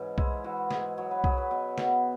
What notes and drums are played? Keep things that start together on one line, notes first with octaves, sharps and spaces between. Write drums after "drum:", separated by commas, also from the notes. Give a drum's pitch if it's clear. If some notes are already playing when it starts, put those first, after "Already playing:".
Already playing: G#2 E3 C#4
G#3 E4, drum: kick B1
E3 F#4
G#2 G#4, drum: snare
F#3 C#5
B4
F#3 G#4, drum: kick B1
B4
B2
B2, drum: snare